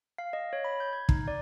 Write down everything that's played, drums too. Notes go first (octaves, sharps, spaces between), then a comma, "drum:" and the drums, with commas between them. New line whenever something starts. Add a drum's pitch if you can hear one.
F5
D#5
C#5
B5
G6
G#6
D#4, drum: kick
D5